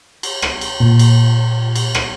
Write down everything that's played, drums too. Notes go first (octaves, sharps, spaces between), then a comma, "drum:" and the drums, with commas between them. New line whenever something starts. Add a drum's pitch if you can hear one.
drum: cymbal
drum: rim click
drum: cymbal
A#2
drum: cymbal
drum: cymbal
drum: rim click